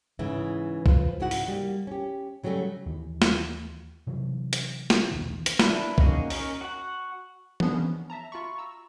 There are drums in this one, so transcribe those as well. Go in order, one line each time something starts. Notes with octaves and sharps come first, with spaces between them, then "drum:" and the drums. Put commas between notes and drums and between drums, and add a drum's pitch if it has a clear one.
G#2 C#3 E3 E4
F3 F4 B4, drum: kick B1
G#2 C#3 E4 F#4 F#5
drum: open hi-hat
G3 A#3
C#4 G4
C#3 F#3 G3 A3 C#4
D#2 E3
drum: snare
C3 E3 F#3
drum: hi-hat
drum: snare
B1 E2 D#3
drum: hi-hat
D4 E4 A#4 B4, drum: snare
A#3 C#4 D#4 F#4 G#4, drum: kick B1
C#4 A#4 D#5, drum: open hi-hat
F#4 F#5
F3 B3 D4 D#4 G#4 B4, drum: tom E3
C#4
E5 A5 A#5
F4 F#4 B5 C#6
A#5 E6